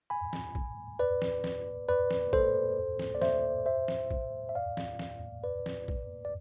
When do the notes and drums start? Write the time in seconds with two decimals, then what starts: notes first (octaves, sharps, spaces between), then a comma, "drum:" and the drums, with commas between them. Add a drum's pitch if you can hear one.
0.10 G#5 B5
0.33 drum: snare
0.55 drum: kick A#1
0.99 B4 D5
1.22 drum: snare
1.44 drum: snare
1.88 B4 D5
2.11 drum: snare
2.33 A4 C5, drum: kick A#1
2.99 drum: snare
3.15 D5
3.22 C5 E5, drum: snare
3.66 C5 E5
3.88 drum: snare
4.11 drum: kick A#1
4.49 E5
4.55 D5 F5
4.77 drum: snare
4.99 drum: snare
5.44 B4 D5
5.66 drum: snare
5.88 drum: kick A#1
6.25 D5